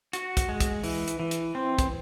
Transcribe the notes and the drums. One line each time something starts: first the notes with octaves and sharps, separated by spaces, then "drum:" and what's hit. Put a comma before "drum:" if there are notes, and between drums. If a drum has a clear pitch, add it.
F#4, drum: hi-hat
drum: kick, hi-hat
G#3
drum: kick, hi-hat
E3, drum: open hi-hat
drum: hi-hat
E3
drum: hi-hat
C4
drum: kick, hi-hat